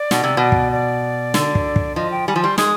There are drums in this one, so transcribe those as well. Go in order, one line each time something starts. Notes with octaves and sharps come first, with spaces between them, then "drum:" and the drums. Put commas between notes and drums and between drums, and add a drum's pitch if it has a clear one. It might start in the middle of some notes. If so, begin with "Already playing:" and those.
Already playing: D5
B2, drum: snare
C3
B2
drum: kick
D5
D3, drum: snare
drum: kick
drum: kick
F3 D#5
G5
G3 G#5
F3
G3 C6
G#3 D#6, drum: snare